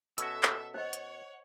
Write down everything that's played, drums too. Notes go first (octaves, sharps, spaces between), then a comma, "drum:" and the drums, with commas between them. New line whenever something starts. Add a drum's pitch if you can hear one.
B2 C#4 F#4 A4 E5 E6, drum: hi-hat
drum: clap
C5 C#5 D#5 F#5
drum: hi-hat